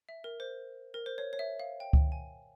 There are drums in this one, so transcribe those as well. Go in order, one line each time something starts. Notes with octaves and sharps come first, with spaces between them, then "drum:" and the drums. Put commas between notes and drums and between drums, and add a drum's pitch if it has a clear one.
E5
A#4
C5
A#4
C5
C#5
C#5
E5
F5
G5
drum: kick C#2
G#5